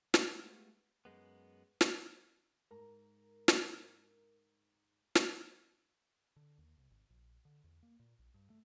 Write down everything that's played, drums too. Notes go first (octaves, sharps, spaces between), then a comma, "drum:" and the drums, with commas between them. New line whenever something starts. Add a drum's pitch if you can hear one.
G#3 A3 B3 F4 G4 G#4, drum: snare
F#2 G#3 B3
drum: snare
G#2 A#4 A#5
drum: snare
drum: snare
D3
D#2
C2
G#1
A#1
D3
E2
A#3
A#2
A#1
G2
A3